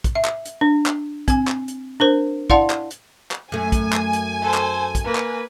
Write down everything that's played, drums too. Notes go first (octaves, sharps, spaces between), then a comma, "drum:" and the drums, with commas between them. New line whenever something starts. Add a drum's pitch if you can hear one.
drum: kick, hi-hat
E5
drum: clap
drum: hi-hat
D4
drum: clap
C4 G#5, drum: kick, hi-hat
drum: clap
drum: hi-hat
D4 A#4 C5
E4 D5 F5 F#5 A5 C6, drum: kick
drum: clap
drum: hi-hat
drum: clap
F#2 A3 G#5
drum: kick, hi-hat
drum: clap
drum: hi-hat
A4 C5
drum: clap
drum: kick, hi-hat
A#3 B4
drum: clap